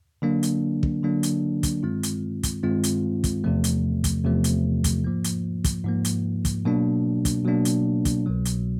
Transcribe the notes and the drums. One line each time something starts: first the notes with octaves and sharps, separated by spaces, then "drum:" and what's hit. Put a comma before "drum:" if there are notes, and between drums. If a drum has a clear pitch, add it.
D3 F#3 A#3 D4
drum: hi-hat
drum: kick
D3 F#3 A#3 D4
drum: hi-hat
drum: kick, hi-hat
G2 D#3 G#3 C4 F4
drum: hi-hat
drum: kick, hi-hat
G2 D#3 G#3 C4 F4
drum: hi-hat
drum: kick, hi-hat
E2 C3 F3 A3
drum: hi-hat
drum: kick, hi-hat
E2 C3 F3 A3
drum: hi-hat
drum: kick, hi-hat
G#2 F3 A#3
drum: hi-hat
drum: kick, hi-hat
G#2 F3 A#3
drum: hi-hat
drum: kick, hi-hat
B2 F#3 A#3 D4
drum: kick, hi-hat
B2 F#3 A#3 D4
drum: hi-hat
drum: kick, hi-hat
C2 B2 F#3
drum: hi-hat